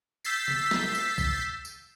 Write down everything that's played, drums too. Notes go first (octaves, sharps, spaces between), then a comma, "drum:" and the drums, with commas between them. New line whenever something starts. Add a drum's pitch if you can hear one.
E6 G6 A6 B6 C7, drum: tambourine
drum: tom C3
drum: snare
drum: tambourine
drum: kick, tambourine
drum: tambourine